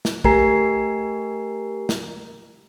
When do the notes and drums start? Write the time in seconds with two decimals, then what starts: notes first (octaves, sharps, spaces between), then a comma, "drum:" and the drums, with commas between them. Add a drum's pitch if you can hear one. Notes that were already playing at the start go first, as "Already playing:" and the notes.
0.05 drum: snare
0.24 A3 G4 A#4 G#5 A#5 C7, drum: kick
1.89 drum: snare